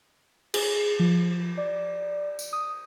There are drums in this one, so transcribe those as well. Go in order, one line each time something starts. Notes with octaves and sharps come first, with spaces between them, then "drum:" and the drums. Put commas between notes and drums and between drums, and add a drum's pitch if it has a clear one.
G#4, drum: cymbal
F3
D5
drum: tambourine
D#6